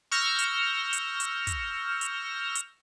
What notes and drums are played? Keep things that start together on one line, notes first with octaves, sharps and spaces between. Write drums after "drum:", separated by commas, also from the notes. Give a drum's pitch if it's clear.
C#6 E6 F6 G6 A#6
drum: hi-hat
drum: hi-hat
drum: hi-hat
drum: kick, hi-hat
drum: hi-hat
drum: hi-hat